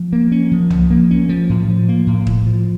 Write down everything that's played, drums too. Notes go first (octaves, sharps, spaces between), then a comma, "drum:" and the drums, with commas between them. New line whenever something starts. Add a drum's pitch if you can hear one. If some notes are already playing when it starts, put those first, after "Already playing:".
Already playing: F3
A#3
C#4
F3
F3, drum: tom
A#3
C#4
F3
A2
F3
A#3
A2
A2, drum: kick
F3